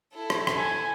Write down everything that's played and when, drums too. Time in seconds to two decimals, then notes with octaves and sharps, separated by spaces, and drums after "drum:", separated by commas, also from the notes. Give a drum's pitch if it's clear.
0.13 E4 A4
0.30 drum: rim click
0.47 drum: rim click
0.57 G#5